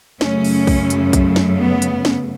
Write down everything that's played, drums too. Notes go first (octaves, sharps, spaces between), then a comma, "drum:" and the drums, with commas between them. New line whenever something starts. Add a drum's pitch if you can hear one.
F#2 C#3 A3 C#4, drum: snare
drum: open hi-hat
drum: kick B1, open hi-hat
drum: hi-hat
drum: kick B1, hi-hat
drum: snare
B3
drum: hi-hat
drum: snare